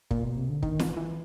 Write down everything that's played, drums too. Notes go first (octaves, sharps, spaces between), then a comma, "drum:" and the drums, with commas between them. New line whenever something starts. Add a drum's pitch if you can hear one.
A#2, drum: kick
B2
C3
D3
D#3, drum: kick
E3, drum: snare
E3